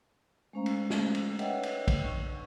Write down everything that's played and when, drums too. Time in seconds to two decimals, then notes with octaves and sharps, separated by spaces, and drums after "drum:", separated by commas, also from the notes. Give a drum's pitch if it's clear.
0.53 G#3 A3 C#4 C5 F5 A#5
0.66 drum: cymbal
0.90 drum: snare
1.15 drum: cymbal
1.39 B4 C#5 D#5 E5 F#5 G5, drum: cymbal
1.63 drum: cymbal
1.88 drum: kick, cymbal
2.03 C#6